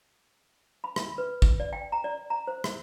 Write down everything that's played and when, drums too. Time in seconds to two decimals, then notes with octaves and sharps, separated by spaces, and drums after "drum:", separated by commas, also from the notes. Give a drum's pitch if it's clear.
0.84 B5
0.96 drum: rim click
1.18 B4
1.42 drum: kick
1.60 D5
1.73 G5
1.92 A#5
2.04 D5
2.30 A#5
2.47 C5
2.64 drum: rim click